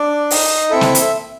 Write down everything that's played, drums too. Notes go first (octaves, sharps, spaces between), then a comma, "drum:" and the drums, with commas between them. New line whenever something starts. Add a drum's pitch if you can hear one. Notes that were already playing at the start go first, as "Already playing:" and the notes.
Already playing: D4 D5
D#4 D#5, drum: open hi-hat
C4 E4 A4 E5
drum: snare
drum: hi-hat